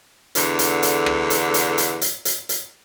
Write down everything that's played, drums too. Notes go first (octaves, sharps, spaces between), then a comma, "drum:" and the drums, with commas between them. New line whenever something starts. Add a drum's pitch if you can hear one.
E2 D3, drum: hi-hat
drum: hi-hat
drum: hi-hat
drum: rim click
drum: hi-hat
drum: hi-hat
drum: hi-hat
drum: hi-hat
drum: hi-hat
drum: hi-hat